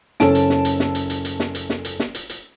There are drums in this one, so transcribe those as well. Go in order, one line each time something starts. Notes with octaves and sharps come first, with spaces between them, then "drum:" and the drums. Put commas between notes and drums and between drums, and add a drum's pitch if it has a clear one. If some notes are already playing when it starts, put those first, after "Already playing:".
F#1 C#4 A4 A5 D7, drum: snare
drum: hi-hat
drum: snare
drum: hi-hat
drum: snare
drum: hi-hat
drum: hi-hat
drum: hi-hat
drum: snare
drum: hi-hat
drum: snare
drum: hi-hat
drum: snare
drum: hi-hat
drum: hi-hat